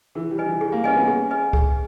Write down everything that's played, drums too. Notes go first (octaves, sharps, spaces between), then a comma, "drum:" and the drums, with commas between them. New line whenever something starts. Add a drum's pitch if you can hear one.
E3 G#4
G3
B4 D#5 G#5
E3
G3 G#4
A#3
C#4 B4 D#5 G#5
B3
G#4
B4 D#5 G#5
G#4, drum: kick C#2